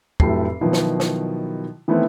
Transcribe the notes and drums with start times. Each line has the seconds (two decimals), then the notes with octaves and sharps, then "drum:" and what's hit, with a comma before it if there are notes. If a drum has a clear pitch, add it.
0.20 F1 A2 F#3 G4 A4 C7, drum: kick
0.61 B2 D#3 F3 F#3 E4
0.73 drum: snare
1.00 drum: snare
1.88 D#3 E3 A3 B3 C4 E4